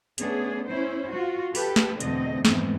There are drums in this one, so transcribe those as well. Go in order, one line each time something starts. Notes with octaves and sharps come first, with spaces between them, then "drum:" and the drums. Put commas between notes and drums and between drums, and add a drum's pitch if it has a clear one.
A3 B3 C#4 D4 G#4, drum: hi-hat
C#4 E4 C5
F4 F#4
G4 A4 B4, drum: open hi-hat
drum: snare
E2 B2 D3 A3 C4 D#5, drum: hi-hat
F2 G#2 E3 A3 B3 C4, drum: snare